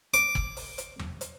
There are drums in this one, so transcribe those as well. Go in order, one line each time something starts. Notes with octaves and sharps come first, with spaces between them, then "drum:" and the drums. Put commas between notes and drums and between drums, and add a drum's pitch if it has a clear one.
D6, drum: hi-hat
drum: kick
drum: open hi-hat
drum: hi-hat
drum: tom E2
drum: hi-hat